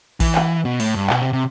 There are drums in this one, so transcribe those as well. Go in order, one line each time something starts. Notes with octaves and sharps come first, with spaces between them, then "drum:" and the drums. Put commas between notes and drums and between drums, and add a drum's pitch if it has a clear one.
E3, drum: kick A#1, open hi-hat
drum: clap
B2
A2, drum: open hi-hat
G2
B2, drum: clap
C3
C3